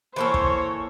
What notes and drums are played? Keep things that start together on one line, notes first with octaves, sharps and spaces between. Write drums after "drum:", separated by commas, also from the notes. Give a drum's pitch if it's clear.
E3 A#3 A4 C5 C#5
drum: kick